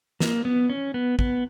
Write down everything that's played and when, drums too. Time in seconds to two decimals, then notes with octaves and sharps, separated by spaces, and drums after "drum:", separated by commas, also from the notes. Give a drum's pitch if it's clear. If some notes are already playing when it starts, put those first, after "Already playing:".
0.20 A#3, drum: snare
0.45 B3
0.70 C#4
0.94 B3
1.19 B3, drum: kick